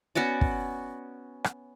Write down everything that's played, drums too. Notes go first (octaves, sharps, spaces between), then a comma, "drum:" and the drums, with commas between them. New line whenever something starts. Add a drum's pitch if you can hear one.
B3 C#4 F#4 D5
drum: kick
drum: rim click